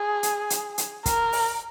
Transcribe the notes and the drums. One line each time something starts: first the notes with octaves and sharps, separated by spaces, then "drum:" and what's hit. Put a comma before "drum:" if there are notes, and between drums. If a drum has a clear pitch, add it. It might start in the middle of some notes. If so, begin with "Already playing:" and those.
Already playing: G#4
drum: hi-hat
drum: hi-hat
drum: hi-hat
A#4, drum: kick, hi-hat
drum: open hi-hat